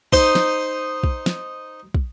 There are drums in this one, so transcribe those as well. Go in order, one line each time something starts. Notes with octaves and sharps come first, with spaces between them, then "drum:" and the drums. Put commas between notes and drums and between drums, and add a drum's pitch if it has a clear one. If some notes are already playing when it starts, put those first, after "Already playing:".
D#4 C5, drum: kick
drum: snare
drum: kick
drum: snare
drum: kick